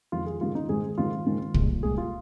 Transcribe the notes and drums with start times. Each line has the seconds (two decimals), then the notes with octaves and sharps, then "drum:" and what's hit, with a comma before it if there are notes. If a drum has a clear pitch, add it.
0.12 F2 D#3 G#3 F4
0.26 G#4
0.41 G#2 D#3 G#3 F4
0.55 D#4
0.69 G#2 D#3 G#3 G#4
0.98 G#2 D#3 G#3 F4
1.26 G#2 D#3 G#3
1.54 C2 A#2 G#3, drum: kick
1.83 C2 A#2 G#3 G#4
1.98 F4